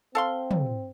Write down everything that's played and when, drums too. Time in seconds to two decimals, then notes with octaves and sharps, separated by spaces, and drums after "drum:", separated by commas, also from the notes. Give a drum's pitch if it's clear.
0.15 C4 A4 F5 C6
0.51 drum: tom